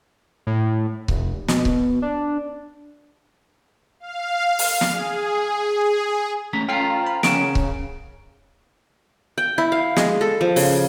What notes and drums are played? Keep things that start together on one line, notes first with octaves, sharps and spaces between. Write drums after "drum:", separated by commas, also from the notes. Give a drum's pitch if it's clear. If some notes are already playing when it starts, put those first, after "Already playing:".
A2
F1, drum: kick C#1
B2, drum: snare
drum: kick C#1
D4
F5
drum: open hi-hat
drum: snare
G#4
A3 C#4 A#5 B6
C#4 F4 A4 G5 A#5 C7
C5 B5
C#3 A#4 C#5 F#5 D7 E7, drum: snare
drum: kick C#1
G5
E4
F5
G#3, drum: snare
A4
F3
C#3, drum: open hi-hat